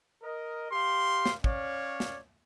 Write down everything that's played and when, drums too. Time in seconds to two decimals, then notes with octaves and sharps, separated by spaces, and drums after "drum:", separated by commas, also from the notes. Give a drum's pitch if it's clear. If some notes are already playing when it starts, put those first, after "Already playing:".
0.22 A#4 D#5
0.71 G4 F5 C6
1.26 drum: snare
1.44 C#4 C#5 D5 F5, drum: kick
2.00 drum: snare